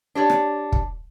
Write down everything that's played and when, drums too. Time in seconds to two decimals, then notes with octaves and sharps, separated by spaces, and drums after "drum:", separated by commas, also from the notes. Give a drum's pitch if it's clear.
0.15 D4 G4 C#5 D5
0.30 drum: rim click
0.72 drum: kick